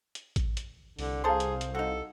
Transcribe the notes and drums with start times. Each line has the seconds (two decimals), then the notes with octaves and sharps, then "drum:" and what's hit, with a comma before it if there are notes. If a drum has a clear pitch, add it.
0.15 drum: hi-hat
0.36 drum: kick A1, hi-hat
0.57 drum: hi-hat
0.99 C2 D3, drum: open hi-hat
1.24 G#4 A4 C5 F5 A#5 C6
1.40 drum: hi-hat
1.61 drum: hi-hat
1.75 D#4 F#4 A4